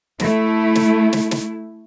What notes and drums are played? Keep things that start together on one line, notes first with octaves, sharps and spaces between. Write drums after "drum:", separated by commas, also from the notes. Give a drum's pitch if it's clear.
A3 E4, drum: snare
drum: snare
drum: snare
drum: snare